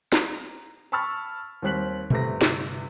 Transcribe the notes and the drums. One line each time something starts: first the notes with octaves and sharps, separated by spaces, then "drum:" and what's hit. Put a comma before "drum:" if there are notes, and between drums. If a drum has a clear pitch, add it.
A#5, drum: snare
A5 B5 C#6 E6 F6 A6
D#2 G3 C4 F#6 B6 F#7
G1 C3 A3 B4 A#6, drum: tom B2
drum: snare